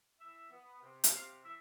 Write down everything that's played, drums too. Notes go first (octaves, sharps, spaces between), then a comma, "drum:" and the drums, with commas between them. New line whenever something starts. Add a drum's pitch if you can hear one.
E3 E5
B3
C3
drum: hi-hat
C3 F5
E3 E5